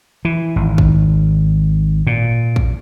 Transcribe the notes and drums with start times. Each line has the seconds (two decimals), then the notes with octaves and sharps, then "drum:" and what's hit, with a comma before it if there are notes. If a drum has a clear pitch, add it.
0.25 E3
0.56 G#1
0.78 drum: kick
2.07 A#2
2.56 drum: kick